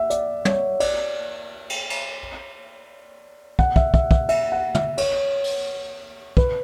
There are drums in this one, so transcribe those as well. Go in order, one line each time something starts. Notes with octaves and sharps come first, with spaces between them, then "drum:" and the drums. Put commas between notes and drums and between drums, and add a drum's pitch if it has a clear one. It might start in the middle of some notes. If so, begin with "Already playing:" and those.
Already playing: E5 F#5
D5, drum: hi-hat
C#5, drum: tom
D5, drum: cymbal
drum: cymbal
drum: cymbal
F#5, drum: kick
E5, drum: kick
E5, drum: kick
E5, drum: kick
E5, drum: cymbal
F#5
E5, drum: tom
C#5, drum: cymbal
drum: open hi-hat
B4, drum: kick